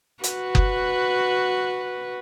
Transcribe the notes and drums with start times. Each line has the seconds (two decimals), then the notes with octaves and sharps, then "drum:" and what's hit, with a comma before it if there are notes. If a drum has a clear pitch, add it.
0.24 F#4 B4, drum: hi-hat
0.55 drum: kick F#1